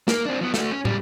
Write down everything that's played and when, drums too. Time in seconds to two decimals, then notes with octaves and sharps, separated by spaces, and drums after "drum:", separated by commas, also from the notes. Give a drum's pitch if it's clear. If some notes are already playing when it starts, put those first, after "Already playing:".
0.08 A#3, drum: snare
0.25 C4 D4
0.41 F3 B3
0.54 A3 F#4, drum: snare
0.71 C#4
0.85 C#2 G3, drum: tom